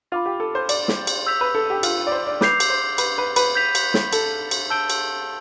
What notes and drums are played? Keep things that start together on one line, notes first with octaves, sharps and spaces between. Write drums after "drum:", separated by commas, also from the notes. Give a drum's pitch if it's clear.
F4 B5 D6 A6
G4
A4
C5
D5, drum: cymbal
drum: snare
drum: cymbal
E6 G6 B6 F7
B4
A4
G4
F4, drum: cymbal
D5
C5
D5
B4 D6 G6 C7 F7, drum: snare
drum: cymbal
C5
B4, drum: cymbal
B4
B4, drum: cymbal
G6 B6 F7
drum: cymbal
drum: snare
A4, drum: cymbal
drum: cymbal
A5 E6 G6 D7 G7
drum: cymbal